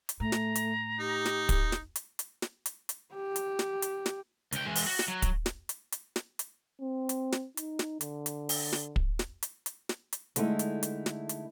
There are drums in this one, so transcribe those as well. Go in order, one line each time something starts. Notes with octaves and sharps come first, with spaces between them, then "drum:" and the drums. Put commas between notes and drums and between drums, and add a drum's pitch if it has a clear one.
drum: hi-hat
A2 A3 A#5
drum: snare
drum: hi-hat
D#4 G4
drum: snare
drum: kick, hi-hat
drum: snare
drum: hi-hat
drum: hi-hat
drum: snare
drum: hi-hat
drum: hi-hat
G4
drum: hi-hat
drum: snare
drum: hi-hat
drum: snare
C#2 G5, drum: hi-hat
E3 G#3
drum: open hi-hat
F#4
drum: snare
F#3
drum: kick, hi-hat
drum: snare
drum: hi-hat
drum: hi-hat
drum: snare
drum: hi-hat
C4
drum: hi-hat
drum: snare
D#4, drum: hi-hat
drum: snare
D3, drum: hi-hat
drum: hi-hat
drum: open hi-hat
drum: snare
drum: kick
drum: snare
drum: hi-hat
drum: hi-hat
drum: snare
drum: hi-hat
D3 G#3 A3 D#4 E4, drum: hi-hat
drum: hi-hat
drum: hi-hat
drum: snare
drum: hi-hat